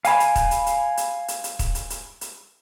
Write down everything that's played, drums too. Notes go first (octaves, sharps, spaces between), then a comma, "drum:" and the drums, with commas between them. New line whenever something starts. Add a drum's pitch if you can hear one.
F5 G#5 B5, drum: hi-hat
drum: hi-hat
drum: kick, hi-hat
drum: hi-hat
drum: hi-hat
drum: hi-hat
drum: hi-hat
drum: hi-hat
drum: kick, hi-hat
drum: hi-hat
drum: hi-hat
drum: hi-hat